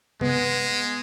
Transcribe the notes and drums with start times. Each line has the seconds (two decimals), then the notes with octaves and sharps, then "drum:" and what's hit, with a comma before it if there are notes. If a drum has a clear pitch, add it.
0.21 G#3 B3, drum: tom C3